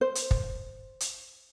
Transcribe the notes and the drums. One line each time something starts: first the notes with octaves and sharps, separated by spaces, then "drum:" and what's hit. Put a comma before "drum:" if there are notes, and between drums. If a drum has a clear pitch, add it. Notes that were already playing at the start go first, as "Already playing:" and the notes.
C5
drum: hi-hat
drum: kick
drum: hi-hat